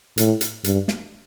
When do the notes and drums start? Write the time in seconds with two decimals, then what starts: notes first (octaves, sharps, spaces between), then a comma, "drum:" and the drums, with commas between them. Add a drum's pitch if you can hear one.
0.18 A2, drum: hi-hat
0.41 drum: hi-hat
0.64 G2, drum: hi-hat
0.88 drum: snare